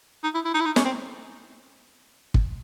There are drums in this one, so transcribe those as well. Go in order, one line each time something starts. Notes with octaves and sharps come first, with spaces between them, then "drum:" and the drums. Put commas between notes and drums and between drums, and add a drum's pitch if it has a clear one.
D#4
E4
E4
D#4
E4
D#4
C#4, drum: snare
C4
drum: kick